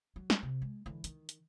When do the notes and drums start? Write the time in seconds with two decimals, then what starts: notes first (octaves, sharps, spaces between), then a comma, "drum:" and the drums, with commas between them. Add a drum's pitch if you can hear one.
0.16 F#3
0.30 drum: snare
0.43 C3
0.62 G#3
0.86 D3 E3
1.04 D#3, drum: hi-hat
1.29 drum: hi-hat